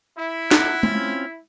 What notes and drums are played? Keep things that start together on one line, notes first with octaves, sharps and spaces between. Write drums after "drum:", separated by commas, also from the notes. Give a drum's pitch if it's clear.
E4
F#5, drum: snare
C4 C#4 F4, drum: tom G#3